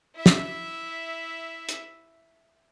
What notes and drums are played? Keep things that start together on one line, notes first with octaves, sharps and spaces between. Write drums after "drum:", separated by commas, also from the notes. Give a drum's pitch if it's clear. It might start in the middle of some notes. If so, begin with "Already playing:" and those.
E4 E5
drum: snare
drum: hi-hat